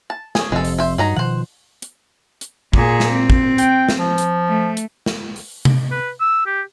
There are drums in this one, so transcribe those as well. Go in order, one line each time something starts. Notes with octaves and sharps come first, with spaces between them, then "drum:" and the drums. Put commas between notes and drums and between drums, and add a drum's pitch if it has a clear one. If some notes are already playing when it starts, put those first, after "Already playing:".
A5
C#4 G#4, drum: snare
F1 F2 C3 G#3 A4
drum: open hi-hat
C5 E5
G2 F#3 D#4 A#5
B2 D#3 F3 C5 F#5
drum: hi-hat
drum: hi-hat
A#2 G#4, drum: kick
drum: snare
C4
drum: kick
G5, drum: hi-hat
drum: snare
F3
drum: hi-hat
A3
drum: hi-hat
drum: snare
drum: open hi-hat
drum: tom C3
B4
E6
G4